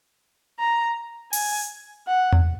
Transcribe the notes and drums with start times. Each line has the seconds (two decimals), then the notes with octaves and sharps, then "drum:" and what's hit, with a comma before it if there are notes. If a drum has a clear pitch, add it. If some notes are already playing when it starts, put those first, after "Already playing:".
0.59 A#5
1.33 G#5, drum: open hi-hat
2.07 F#5
2.33 drum: tom E2